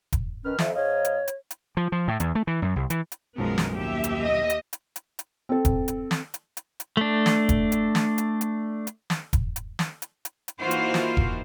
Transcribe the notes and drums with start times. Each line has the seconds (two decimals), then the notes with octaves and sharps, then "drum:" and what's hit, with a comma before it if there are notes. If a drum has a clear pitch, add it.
0.13 drum: kick E1, hi-hat
0.44 D#3 C#4 B4 F6
0.59 F2 E5, drum: snare
0.75 G#2 C#5 D#5 F5
1.05 drum: hi-hat
1.28 drum: hi-hat
1.51 drum: hi-hat
1.77 F3
1.92 F3
2.08 A2
2.20 E2, drum: hi-hat
2.35 A3
2.47 E3
2.62 F#2
2.76 C2
2.90 E3, drum: hi-hat
3.12 drum: hi-hat
3.38 B1 F#2 F3 G#3 B3 A#4
3.58 drum: snare
3.76 D#2 G4 E5
4.04 drum: hi-hat
4.23 D#5
4.50 drum: hi-hat
4.73 drum: hi-hat
4.96 drum: hi-hat
5.19 drum: hi-hat
5.49 C4 A4
5.65 drum: kick E1, hi-hat
5.88 drum: hi-hat
6.11 drum: snare
6.34 drum: hi-hat
6.57 drum: hi-hat
6.80 drum: hi-hat
6.97 A3 D4
7.26 drum: snare
7.49 drum: kick E1, hi-hat
7.72 drum: hi-hat
7.95 drum: snare
8.18 drum: hi-hat
8.41 drum: hi-hat
8.87 drum: hi-hat
9.10 drum: snare
9.33 drum: kick E1, hi-hat
9.56 drum: hi-hat
9.79 drum: snare
10.02 drum: hi-hat
10.25 drum: hi-hat
10.48 drum: hi-hat
10.60 E3 A#3 D#4 F4 F#4 C5
10.71 drum: hi-hat
10.94 drum: snare
11.17 drum: kick E1